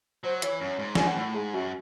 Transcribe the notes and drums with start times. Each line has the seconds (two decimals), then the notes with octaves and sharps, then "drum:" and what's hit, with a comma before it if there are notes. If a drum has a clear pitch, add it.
0.24 F#3 C5
0.42 E3 C#5, drum: hi-hat
0.61 F#2 C#5
0.79 G#2
0.95 F#2 G#5, drum: snare
1.07 F#5
1.16 A2
1.34 G#2 G#4
1.54 F#2 F#4